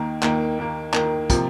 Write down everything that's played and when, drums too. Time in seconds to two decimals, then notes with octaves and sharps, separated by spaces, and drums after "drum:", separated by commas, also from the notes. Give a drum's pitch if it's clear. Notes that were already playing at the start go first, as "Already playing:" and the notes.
Already playing: D#2 D#3 A#3
0.23 D#2 D#3 A#3, drum: clap
0.59 D#2 D#3 A#3
0.94 D#2 D#3 A#3, drum: clap
1.30 C3 F3 A#3, drum: kick, hi-hat